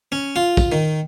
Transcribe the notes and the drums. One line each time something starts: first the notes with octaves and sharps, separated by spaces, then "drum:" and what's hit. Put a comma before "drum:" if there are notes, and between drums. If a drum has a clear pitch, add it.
C#4
F4
drum: kick, tambourine
D#3